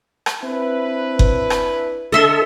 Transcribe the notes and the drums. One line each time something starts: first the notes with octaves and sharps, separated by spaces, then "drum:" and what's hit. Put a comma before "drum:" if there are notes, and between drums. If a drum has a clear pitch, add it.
drum: rim click
C4 D4 E4 B4
drum: kick F#1
drum: rim click
D3 A4 D#5 E5 C6